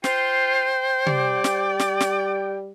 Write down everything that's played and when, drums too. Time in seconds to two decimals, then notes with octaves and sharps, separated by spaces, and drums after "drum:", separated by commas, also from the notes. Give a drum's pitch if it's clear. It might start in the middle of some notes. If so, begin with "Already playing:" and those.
0.04 F4 C5 G5, drum: snare
1.07 G3 D5, drum: tom C3
1.44 drum: snare
1.79 drum: snare
2.00 drum: snare